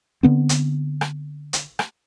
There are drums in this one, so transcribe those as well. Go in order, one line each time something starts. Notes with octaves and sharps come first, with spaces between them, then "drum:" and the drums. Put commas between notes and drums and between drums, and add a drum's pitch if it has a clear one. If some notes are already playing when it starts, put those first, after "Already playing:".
D3 B3 C4
drum: hi-hat
drum: rim click
drum: hi-hat
drum: rim click